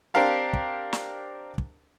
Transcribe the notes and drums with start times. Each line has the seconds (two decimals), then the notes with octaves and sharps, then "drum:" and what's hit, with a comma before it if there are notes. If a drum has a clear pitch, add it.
0.14 C4 D4 G4 A#4 F5 A5
0.53 drum: kick
0.93 drum: snare
1.58 drum: kick